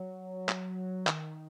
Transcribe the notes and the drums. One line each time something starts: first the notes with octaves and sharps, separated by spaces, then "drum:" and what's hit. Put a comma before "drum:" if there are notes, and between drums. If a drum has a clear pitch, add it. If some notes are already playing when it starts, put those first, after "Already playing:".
Already playing: F#3
drum: clap
D#3, drum: clap